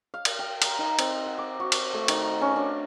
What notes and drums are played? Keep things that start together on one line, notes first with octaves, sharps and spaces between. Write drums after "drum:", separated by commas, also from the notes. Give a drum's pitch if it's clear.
F5
drum: cymbal
G5
A#5, drum: cymbal
D#4
C4, drum: cymbal
F#5
D6
F#4
drum: cymbal
A3
D#3, drum: cymbal
C#4
D4